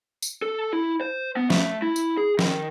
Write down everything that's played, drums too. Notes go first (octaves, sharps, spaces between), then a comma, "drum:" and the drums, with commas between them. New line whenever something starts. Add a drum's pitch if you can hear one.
drum: tambourine
A4
E4
C5
B3
A3, drum: snare
E4
drum: tambourine
G#4
D#3, drum: snare